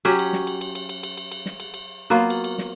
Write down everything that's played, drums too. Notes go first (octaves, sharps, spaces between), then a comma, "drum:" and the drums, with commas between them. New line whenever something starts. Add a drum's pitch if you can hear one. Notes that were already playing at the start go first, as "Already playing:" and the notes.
F#3 C#4 G4 C#5, drum: cymbal
drum: cymbal
drum: snare
drum: cymbal
drum: cymbal
drum: cymbal
drum: cymbal
drum: cymbal
drum: cymbal
drum: cymbal
drum: snare
drum: cymbal
drum: cymbal
F#3 A#3 B3 F4
drum: cymbal
drum: cymbal
drum: snare